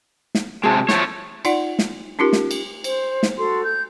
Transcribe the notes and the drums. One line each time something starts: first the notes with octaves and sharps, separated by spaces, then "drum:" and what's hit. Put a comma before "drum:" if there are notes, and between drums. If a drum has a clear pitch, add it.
drum: snare
C3 G#3 F#4 G#4 A5
F3 A3 C#5, drum: snare
D#4 F4 D5 F#5, drum: cymbal
drum: snare
C#4 D#4 F4 G4 A#4
drum: snare
drum: cymbal
C5, drum: cymbal
drum: snare
F#4 A4 C6
G6